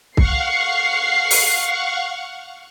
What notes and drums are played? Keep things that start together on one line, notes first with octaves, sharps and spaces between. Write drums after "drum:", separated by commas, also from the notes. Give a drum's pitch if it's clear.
F5 F#5 C#6 C7, drum: kick C2
drum: open hi-hat